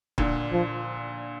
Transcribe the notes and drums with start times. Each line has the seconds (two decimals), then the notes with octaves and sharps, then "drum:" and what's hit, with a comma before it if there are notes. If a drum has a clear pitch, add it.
0.18 A#2 D3, drum: kick
0.52 F3